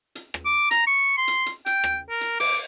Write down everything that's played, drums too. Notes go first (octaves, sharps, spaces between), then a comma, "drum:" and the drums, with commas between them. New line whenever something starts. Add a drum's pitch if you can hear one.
drum: hi-hat
drum: rim click
D6
A#5, drum: hi-hat
C#6
C6
drum: hi-hat
drum: hi-hat
G5, drum: hi-hat
drum: rim click
A#4
drum: hi-hat
D6, drum: open hi-hat